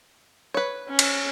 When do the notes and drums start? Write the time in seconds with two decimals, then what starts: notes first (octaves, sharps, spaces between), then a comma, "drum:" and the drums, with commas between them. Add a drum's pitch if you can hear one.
0.54 B4 C#5
0.89 C#4
0.99 drum: cymbal